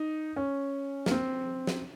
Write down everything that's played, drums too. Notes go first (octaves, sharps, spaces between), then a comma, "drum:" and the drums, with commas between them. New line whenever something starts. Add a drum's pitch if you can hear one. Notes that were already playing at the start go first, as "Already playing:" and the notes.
Already playing: D#4
C#4
A#3, drum: snare
C4
drum: snare